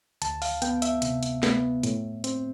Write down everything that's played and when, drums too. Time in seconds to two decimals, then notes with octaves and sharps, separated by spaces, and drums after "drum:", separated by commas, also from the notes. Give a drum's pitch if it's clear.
0.22 D2 A5, drum: hi-hat
0.42 F5, drum: open hi-hat
0.62 B3 G5, drum: hi-hat
0.82 E5, drum: hi-hat
1.02 C3, drum: hi-hat
1.23 drum: hi-hat
1.43 B3, drum: snare
1.83 A2, drum: hi-hat
2.24 C4, drum: hi-hat